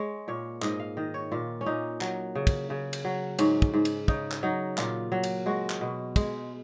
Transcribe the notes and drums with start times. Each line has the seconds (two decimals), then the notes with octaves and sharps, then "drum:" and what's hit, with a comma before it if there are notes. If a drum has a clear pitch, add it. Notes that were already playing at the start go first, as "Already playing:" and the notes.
Already playing: G#3 C#5
0.28 A#2 C#5
0.62 G#2 D#5, drum: clap
0.80 F5
0.97 D#3 D#5
1.14 C#5
1.32 A#2 F4
1.61 C#4
1.66 A#2 D#4
2.01 F#3, drum: clap
2.35 C#3
2.47 drum: kick, cymbal
2.70 C#3
2.93 drum: cymbal
3.05 F#3
3.39 G#2 C#4, drum: cymbal
3.62 drum: kick
3.73 G#2
3.85 drum: cymbal
4.08 C#3 D#4, drum: kick
4.31 drum: clap
4.43 F#3 D#4
4.78 A#2 F4, drum: clap
5.12 F#3
5.23 drum: cymbal
5.46 G#3 F#4
5.70 drum: clap
5.81 B2
6.16 G#3, drum: kick, cymbal